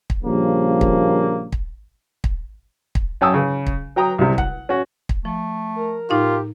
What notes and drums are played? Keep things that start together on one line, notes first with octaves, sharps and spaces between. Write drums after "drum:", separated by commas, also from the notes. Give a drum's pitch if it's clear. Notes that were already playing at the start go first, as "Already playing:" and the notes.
drum: kick
A#1 C#3 F3 G3 A#3
drum: kick
drum: kick
drum: kick
drum: kick
F#2 C#4 G5 A5 D#6 E6
C#3
drum: kick
F#3 G5 A#5 D#6
C2 C3
F#5, drum: kick
C#4 F#4
drum: kick
F3 A3
A#4
A2 D#4 F4 G4 F5